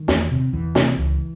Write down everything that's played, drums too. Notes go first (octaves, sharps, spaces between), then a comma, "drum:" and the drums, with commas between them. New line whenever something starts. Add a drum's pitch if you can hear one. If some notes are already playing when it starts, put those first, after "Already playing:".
Already playing: D#3
E2, drum: snare
C3
E2 E3
C3, drum: snare
C#2